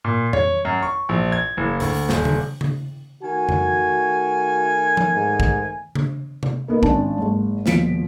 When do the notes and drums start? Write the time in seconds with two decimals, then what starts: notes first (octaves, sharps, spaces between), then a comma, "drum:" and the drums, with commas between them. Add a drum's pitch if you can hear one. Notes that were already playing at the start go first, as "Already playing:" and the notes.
0.04 A#2
0.33 C#5, drum: tom F2
0.65 F#2
0.82 C#6
1.09 A#1
1.32 G#6
1.57 F#1
1.80 D2, drum: open hi-hat
2.09 D#1, drum: snare
2.25 drum: tom C#3
2.61 drum: tom C#3
3.23 D#3 A3 F#4 G#5
3.49 drum: tom F2
4.97 drum: tom F3
5.14 G#2
5.40 drum: kick
5.95 drum: tom C#3
6.43 drum: tom C3
6.68 A#3 B3 D#4
6.83 G#1 C#4 D4 A5, drum: kick
7.18 F#1 G#2
7.66 D#1 B2 F3 B6 C#7 D7, drum: snare